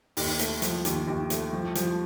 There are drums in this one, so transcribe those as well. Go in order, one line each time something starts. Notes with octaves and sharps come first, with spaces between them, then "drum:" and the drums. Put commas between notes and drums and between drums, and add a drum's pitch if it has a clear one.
D#2, drum: open hi-hat
A3, drum: hi-hat
F3, drum: hi-hat
D#2, drum: hi-hat
D#2
A3, drum: hi-hat
F3
F3, drum: hi-hat